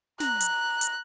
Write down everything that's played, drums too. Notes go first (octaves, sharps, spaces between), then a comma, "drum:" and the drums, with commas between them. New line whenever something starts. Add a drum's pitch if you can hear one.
A#5 F#6, drum: snare
drum: hi-hat
drum: hi-hat